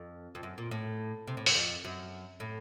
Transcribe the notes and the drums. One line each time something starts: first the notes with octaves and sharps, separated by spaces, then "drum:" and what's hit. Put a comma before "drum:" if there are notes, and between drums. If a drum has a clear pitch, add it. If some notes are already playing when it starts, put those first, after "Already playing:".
Already playing: F2
F2
F#2
A#2
A2
C3
A2
F#2, drum: open hi-hat
F2
F#2
A2